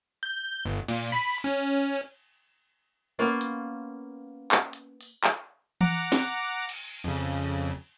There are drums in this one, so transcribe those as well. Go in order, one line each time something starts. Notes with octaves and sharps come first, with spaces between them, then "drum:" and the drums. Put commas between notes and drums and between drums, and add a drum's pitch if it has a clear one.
G6
G1
A#2, drum: cymbal
B5
C#4
A#3 B3 C#4 F4
drum: hi-hat
drum: clap
drum: hi-hat
drum: open hi-hat
drum: clap
F#5 A#5 D6, drum: tom E3
drum: snare C4
drum: cymbal
F2 C#3